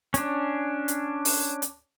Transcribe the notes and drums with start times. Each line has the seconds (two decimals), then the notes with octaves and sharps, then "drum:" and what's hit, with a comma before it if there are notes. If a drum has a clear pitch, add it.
0.14 C#4 D4, drum: hi-hat
0.88 drum: hi-hat
1.25 drum: open hi-hat
1.62 drum: hi-hat